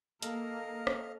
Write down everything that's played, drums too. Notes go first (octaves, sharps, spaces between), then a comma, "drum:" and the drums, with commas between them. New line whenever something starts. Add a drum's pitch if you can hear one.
A#3 A4 A#4 D#5 F5, drum: hi-hat
drum: rim click